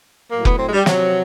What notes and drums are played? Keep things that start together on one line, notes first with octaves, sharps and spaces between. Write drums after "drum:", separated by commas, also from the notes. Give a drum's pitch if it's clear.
A2 F#3 A#3
B3, drum: kick F1
C4
G#3
G3
C3 F3 F#3, drum: snare